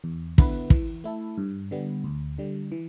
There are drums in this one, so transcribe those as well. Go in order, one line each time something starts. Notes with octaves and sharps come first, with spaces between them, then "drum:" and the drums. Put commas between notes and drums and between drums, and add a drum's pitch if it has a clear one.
E2
D3 B3 E4 B4, drum: kick
E3, drum: kick
A3 E4 A4
G2
D3 G3 B3
D2
D3 G3
E3